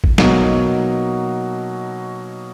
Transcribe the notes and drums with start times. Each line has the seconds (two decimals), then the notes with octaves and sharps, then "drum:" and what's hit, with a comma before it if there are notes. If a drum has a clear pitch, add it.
0.04 drum: kick
0.18 B2 F#3 A#3 D#4, drum: snare